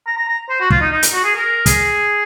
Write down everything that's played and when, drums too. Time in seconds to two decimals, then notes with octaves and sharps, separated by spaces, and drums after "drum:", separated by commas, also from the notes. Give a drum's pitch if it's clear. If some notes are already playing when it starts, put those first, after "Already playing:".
0.07 A#5
0.18 A#5
0.28 A#5
0.49 C5
0.60 F#4
0.71 F4, drum: kick
0.81 D#4
0.92 D#4
1.03 drum: hi-hat
1.13 F#4
1.24 G#4
1.35 A#4
1.66 G#4, drum: kick, hi-hat